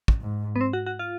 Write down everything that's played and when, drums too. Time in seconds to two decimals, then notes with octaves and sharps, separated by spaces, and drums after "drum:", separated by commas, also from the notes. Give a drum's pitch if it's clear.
0.08 drum: kick
0.21 G#2
0.56 B3
0.61 C4
0.73 F#4
0.86 F#4
0.99 F4